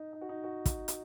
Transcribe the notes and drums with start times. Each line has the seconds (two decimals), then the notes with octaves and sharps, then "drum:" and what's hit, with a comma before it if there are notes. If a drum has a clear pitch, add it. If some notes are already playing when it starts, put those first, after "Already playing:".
Already playing: D#4
0.13 D#4
0.21 F#4
0.29 D#4
0.44 F#4
0.66 drum: kick, hi-hat
0.88 drum: hi-hat